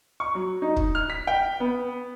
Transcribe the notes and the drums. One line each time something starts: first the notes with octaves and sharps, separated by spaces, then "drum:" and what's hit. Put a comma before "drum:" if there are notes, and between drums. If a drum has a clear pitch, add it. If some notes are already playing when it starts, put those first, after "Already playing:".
C#6
F#3
D#4
drum: kick
F6
B6
G5
B3